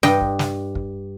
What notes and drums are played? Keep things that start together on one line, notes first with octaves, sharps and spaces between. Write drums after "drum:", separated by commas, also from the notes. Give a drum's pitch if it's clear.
G2 D#5 G5, drum: snare
drum: kick
drum: snare
drum: kick